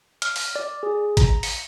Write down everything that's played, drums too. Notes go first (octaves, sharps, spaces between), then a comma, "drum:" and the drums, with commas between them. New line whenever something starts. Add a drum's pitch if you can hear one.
F6, drum: hi-hat
drum: open hi-hat
D5
G#4
A#5, drum: kick, hi-hat
C#7, drum: open hi-hat